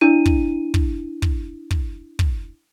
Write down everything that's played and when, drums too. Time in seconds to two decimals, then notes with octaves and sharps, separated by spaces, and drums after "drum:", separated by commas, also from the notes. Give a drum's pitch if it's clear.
0.01 D4 E4 D#7
0.26 drum: kick
0.74 drum: kick
1.22 drum: kick
1.71 drum: kick
2.19 drum: kick